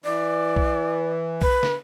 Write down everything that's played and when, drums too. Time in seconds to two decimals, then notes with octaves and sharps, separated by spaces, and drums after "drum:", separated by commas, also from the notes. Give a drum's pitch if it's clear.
0.04 E3 D5
0.56 drum: kick B1
1.42 B4, drum: kick B1
1.63 drum: snare